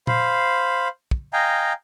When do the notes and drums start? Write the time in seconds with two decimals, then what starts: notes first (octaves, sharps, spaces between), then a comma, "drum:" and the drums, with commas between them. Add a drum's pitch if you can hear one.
0.07 C5 F5 B5, drum: tom A#2
1.11 drum: kick
1.33 D#5 F5 G5 G#5 A#5